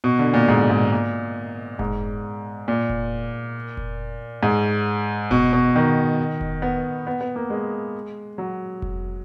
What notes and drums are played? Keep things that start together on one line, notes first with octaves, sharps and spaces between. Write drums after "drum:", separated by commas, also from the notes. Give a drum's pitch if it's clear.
B2
D3
A#2
G#2
G#2
A#2
G#2, drum: kick F1
A#2
drum: kick F1
drum: kick F1
G#2
B2, drum: kick F1
B2
D#3
drum: kick F1
B3
B3
B3
A#3
G#3
F#3
drum: kick F1